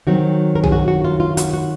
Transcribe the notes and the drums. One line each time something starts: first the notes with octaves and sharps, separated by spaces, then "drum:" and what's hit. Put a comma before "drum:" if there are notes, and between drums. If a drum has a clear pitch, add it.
D#3 F#3 C4 F#4
A#4
G#4, drum: tom
F#4
F#4
F4
F4
F#4, drum: hi-hat
F#4